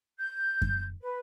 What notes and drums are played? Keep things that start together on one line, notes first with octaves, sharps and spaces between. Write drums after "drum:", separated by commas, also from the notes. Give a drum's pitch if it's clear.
G6
drum: kick F#2
B4